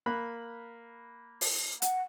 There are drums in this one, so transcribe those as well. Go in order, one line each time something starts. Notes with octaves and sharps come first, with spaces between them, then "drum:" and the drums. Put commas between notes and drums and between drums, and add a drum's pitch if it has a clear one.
A#3 B5 F#6
drum: open hi-hat
F#5, drum: hi-hat